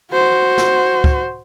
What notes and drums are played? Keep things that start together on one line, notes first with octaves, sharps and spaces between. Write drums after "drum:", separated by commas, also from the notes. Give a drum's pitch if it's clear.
F#4 C5
drum: snare
drum: kick